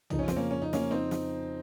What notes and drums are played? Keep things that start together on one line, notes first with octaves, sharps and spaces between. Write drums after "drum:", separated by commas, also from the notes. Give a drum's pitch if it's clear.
F2 C#3 F3 D#4, drum: tom
C#4
C4, drum: snare
A#3 C#4
C#4
D#4
A#3 C#4, drum: snare
C4 D#4
drum: snare